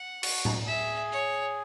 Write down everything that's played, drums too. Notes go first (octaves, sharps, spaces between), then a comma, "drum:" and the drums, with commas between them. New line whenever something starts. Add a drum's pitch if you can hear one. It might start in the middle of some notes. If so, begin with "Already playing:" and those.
Already playing: F#5
F#4, drum: cymbal
drum: tom A2
G#4 E5
C#5